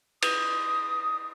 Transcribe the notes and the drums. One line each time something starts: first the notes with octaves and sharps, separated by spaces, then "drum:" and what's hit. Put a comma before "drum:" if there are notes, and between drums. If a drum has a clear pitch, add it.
D#6, drum: cymbal